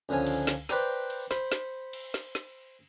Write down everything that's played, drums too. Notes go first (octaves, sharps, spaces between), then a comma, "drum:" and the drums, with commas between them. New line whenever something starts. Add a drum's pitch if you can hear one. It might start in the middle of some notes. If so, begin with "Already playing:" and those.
C#2 D3 F3 C#4 G#5
drum: cymbal
drum: snare
B4 C5 D5 G5 A#5, drum: snare
drum: cymbal
C5 B5, drum: snare
drum: snare
drum: cymbal
drum: snare
drum: snare